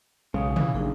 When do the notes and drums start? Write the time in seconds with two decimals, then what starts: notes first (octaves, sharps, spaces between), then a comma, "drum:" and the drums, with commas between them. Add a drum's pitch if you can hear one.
0.34 B1 C#3 G#3 F5 D#6
0.56 C3 E3 F3, drum: tom
0.74 A1 F#3 G3 A#3 D4 D#4 G#4